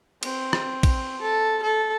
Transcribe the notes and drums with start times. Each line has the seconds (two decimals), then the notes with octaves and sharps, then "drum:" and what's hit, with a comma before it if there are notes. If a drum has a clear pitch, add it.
0.23 C4, drum: cymbal
0.53 drum: rim click
0.83 drum: kick, cymbal
1.22 A4
1.63 A4